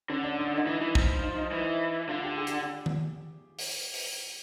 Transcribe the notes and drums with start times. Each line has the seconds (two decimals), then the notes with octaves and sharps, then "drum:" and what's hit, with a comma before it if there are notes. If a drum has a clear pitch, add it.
0.10 D3 C#4 C#5
0.24 D4 D5
0.38 D#4 D#5
0.47 D4 D5
0.57 D#4 D#5
0.67 E3
0.81 E3
0.95 F3, drum: kick
1.23 D#4 D#5
1.38 D#4 D#5
1.52 E3 C5
2.09 D3 F4 F5
2.24 G4 G5
2.37 G#4 G#5
2.47 G4 G5, drum: hi-hat
2.86 drum: tom D#3
3.59 drum: open hi-hat
3.94 drum: open hi-hat